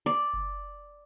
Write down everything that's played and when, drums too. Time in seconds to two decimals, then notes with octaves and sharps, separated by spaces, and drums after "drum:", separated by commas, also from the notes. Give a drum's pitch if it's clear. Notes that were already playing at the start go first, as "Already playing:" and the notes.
0.06 D5
0.34 drum: kick F#1